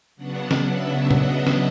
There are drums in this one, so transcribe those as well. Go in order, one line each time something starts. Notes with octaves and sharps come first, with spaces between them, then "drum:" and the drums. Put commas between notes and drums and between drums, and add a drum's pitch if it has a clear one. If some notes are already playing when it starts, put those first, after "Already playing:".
C#3 F#3 B3 D4 F#5
drum: snare
E5
D#5, drum: tom
drum: snare